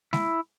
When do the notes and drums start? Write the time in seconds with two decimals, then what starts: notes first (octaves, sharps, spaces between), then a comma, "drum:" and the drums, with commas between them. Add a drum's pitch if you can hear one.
0.13 E4, drum: snare G#3